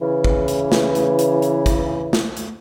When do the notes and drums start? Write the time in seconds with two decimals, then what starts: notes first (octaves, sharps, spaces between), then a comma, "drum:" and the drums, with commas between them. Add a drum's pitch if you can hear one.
0.01 C#3 E3
0.24 drum: kick
0.48 drum: hi-hat
0.72 drum: snare
0.95 drum: hi-hat
1.19 drum: hi-hat
1.42 drum: hi-hat
1.66 drum: kick, hi-hat
2.13 drum: snare
2.37 drum: hi-hat